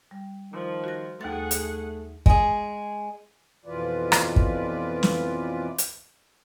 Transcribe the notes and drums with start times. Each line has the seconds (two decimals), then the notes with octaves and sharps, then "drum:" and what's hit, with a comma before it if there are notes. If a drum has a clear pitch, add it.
0.11 G3
0.53 D#3 F3
0.84 F#4 A#6
1.21 D#2 A3 G#4 F#5 A6
1.51 drum: hi-hat
2.26 G#3 G#4, drum: kick
3.66 F2 B2 E3 F4 B4 D5
4.12 drum: rim click
4.36 drum: kick
5.03 drum: snare
5.78 drum: hi-hat